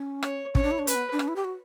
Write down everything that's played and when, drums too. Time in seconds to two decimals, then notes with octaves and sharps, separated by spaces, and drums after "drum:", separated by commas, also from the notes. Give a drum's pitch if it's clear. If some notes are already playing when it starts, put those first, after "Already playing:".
Already playing: C#4
0.23 C#5, drum: rim click
0.55 C#4 C#5, drum: kick
0.63 D4
0.71 E4
0.79 D4
0.87 C#4 B4, drum: hi-hat
0.95 B3
1.12 D4
1.19 C#4, drum: rim click
1.28 E4
1.36 G4
1.44 F#4